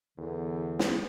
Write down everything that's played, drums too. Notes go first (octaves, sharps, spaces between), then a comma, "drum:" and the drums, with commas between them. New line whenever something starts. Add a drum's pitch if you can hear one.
E2 D3
drum: snare